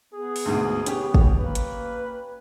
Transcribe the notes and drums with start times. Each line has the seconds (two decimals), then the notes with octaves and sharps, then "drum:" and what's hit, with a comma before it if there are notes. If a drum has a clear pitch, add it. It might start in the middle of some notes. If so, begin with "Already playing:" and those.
0.14 B3 G#4
0.36 drum: open hi-hat
0.46 D2 G#2 B2
0.86 C#4 G4, drum: hi-hat
1.14 drum: kick
1.39 A#3 B4
1.55 drum: hi-hat